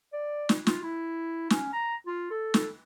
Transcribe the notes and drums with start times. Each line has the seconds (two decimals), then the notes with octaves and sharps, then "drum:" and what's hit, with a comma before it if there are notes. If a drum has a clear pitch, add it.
0.13 D5
0.49 drum: snare
0.67 F4, drum: snare
0.83 E4
1.50 C#4, drum: snare
1.73 A#5
2.07 F4
2.31 A4
2.54 drum: snare